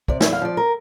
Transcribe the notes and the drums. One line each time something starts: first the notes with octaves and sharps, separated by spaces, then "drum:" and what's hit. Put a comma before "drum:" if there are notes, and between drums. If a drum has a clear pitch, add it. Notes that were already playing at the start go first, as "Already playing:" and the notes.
C3 D5, drum: kick
E2 E5, drum: snare
F5
F3 D5
A#4